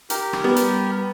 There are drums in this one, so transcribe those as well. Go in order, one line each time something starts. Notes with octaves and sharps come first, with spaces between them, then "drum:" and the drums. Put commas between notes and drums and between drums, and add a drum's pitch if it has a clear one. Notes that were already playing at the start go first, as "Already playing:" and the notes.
G4 A#4, drum: hi-hat
drum: rim click
G3 B3
drum: hi-hat